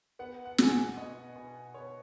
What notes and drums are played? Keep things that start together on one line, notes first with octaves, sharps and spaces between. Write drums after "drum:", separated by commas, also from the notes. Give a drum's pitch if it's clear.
B3 F#5
F#5
B2 G#5, drum: snare
F#5
B2 D#5
B2
B3 C#5